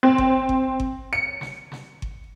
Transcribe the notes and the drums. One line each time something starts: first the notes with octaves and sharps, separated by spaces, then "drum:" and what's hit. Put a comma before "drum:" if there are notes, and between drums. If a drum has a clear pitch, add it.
C4
drum: kick G1
drum: kick G1
drum: kick G1
C#7
drum: snare
drum: snare
drum: kick G1